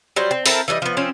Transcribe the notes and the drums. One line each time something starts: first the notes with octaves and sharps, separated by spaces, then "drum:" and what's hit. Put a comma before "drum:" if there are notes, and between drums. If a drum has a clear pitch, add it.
F#3 G3 C5
C4
C4 E4 A4 A#4, drum: open hi-hat
E3 G3 G#4 D#5
F3 B3
F3 C4 C#4